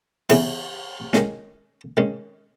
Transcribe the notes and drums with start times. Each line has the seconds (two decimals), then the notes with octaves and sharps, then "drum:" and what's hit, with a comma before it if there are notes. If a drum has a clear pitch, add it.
0.30 E2 C#3 E3 B3 E4, drum: cymbal
1.13 D#3 G#3 C#4, drum: snare
1.97 D#3 G#3 C#4